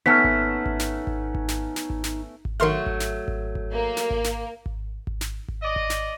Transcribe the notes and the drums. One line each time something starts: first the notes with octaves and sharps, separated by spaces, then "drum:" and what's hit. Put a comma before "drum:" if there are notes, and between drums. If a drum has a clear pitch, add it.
A3 B3 C#4 D#4 F#5 F6 B6
drum: kick G#1
drum: kick G#1
drum: snare
drum: kick G#1
drum: kick G#1
drum: snare
drum: snare
drum: kick G#1
drum: snare
drum: kick G#1
D#3 F#3 A3 C6 F6
drum: kick G#1
drum: snare
drum: kick G#1
drum: kick G#1
A#3
drum: snare
drum: kick G#1
drum: snare
drum: kick G#1
drum: kick G#1
drum: snare
drum: kick G#1
D5 D#5
drum: kick G#1
drum: snare